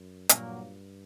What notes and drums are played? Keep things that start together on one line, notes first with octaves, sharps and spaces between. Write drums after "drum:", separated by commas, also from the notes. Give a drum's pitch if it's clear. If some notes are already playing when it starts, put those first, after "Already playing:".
Already playing: F#2
G2 A#2 F#3 A#3, drum: hi-hat